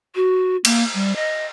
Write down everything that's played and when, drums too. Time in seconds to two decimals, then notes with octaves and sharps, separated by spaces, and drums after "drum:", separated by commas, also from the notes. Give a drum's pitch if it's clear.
0.15 F#4
0.65 A#3, drum: cymbal
0.94 G3
1.16 D#5